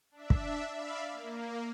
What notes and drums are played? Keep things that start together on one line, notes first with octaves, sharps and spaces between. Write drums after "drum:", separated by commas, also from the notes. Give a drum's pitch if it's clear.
D4 E5
drum: kick
D5 E5 F5 B5
A#3